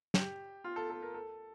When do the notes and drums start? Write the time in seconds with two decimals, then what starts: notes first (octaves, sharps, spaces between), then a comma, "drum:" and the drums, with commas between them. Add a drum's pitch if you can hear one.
0.14 G4, drum: snare
0.64 F4
0.76 A4
0.90 A4
1.03 A#4
1.14 A4